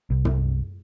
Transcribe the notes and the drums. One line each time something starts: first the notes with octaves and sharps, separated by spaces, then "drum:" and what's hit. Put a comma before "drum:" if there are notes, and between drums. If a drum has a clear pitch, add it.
C2
drum: tom